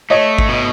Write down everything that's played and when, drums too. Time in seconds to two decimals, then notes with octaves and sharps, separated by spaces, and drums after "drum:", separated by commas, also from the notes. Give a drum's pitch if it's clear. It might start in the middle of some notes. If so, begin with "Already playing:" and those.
0.10 A3 C#5 D#5
0.38 drum: kick G#1
0.49 B2